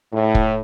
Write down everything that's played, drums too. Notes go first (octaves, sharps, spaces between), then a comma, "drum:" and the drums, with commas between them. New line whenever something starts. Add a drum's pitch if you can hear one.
A2
drum: kick